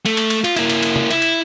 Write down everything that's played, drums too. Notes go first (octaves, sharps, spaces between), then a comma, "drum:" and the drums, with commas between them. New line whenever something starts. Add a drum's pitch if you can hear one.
A3, drum: cymbal
drum: cymbal
drum: cymbal
F4, drum: cymbal
A#3 E4, drum: cymbal
drum: cymbal
drum: cymbal
drum: tom
E4, drum: cymbal
drum: cymbal